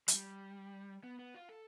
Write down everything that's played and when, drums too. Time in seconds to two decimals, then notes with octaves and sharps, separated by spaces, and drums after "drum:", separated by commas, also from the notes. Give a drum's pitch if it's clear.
0.08 F3, drum: hi-hat
0.14 G3
1.04 B3
1.19 B3
1.34 F4
1.49 A4